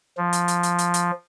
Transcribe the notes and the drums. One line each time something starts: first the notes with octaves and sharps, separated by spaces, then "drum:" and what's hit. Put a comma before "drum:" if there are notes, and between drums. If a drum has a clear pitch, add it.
F3
drum: hi-hat
drum: hi-hat
drum: hi-hat
drum: hi-hat
drum: hi-hat